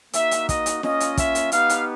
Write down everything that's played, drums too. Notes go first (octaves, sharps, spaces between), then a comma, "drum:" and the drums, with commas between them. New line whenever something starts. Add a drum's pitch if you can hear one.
A#3 D#4 F#4 E5, drum: hi-hat
drum: hi-hat
D#5, drum: kick, hi-hat
drum: hi-hat
A#3 C#4 F4 D#5, drum: snare
drum: hi-hat
E5, drum: kick, hi-hat
drum: hi-hat
B3 D#4 G4 F5, drum: hi-hat
drum: hi-hat